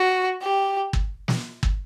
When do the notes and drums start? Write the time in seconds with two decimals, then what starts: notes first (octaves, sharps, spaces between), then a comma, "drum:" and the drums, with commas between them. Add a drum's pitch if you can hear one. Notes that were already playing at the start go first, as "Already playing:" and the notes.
Already playing: F#4
0.42 G4
0.93 drum: kick G1
1.28 drum: snare
1.63 drum: kick G1